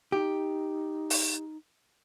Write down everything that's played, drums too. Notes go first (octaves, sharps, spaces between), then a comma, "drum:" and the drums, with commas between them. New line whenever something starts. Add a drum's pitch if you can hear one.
D#4 G4
drum: open hi-hat